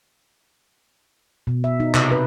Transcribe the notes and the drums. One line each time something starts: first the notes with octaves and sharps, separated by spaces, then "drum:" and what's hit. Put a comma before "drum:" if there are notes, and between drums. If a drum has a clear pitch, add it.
B2
E5
D#4
C3, drum: clap
B4